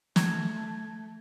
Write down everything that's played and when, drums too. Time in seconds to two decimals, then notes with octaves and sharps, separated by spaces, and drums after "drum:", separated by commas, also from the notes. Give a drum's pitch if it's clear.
0.16 A3 G#6, drum: snare